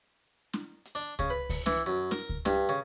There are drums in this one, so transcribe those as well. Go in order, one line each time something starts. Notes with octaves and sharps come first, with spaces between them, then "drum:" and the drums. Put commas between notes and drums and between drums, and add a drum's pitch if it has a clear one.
drum: snare
drum: hi-hat
D4
C#3, drum: kick C#2, hi-hat
B4
drum: kick C#2, open hi-hat
E3, drum: snare
F#2
A#4, drum: snare
drum: kick C#2
G2, drum: snare
C#3